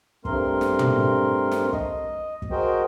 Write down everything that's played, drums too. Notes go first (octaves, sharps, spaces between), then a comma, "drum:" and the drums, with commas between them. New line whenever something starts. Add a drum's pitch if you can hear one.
G2 A3 C4 A#4 C6, drum: kick
drum: snare
drum: tom
drum: snare
D#5, drum: kick
drum: kick
F#4 G#4 A#4 C5 D#5 G5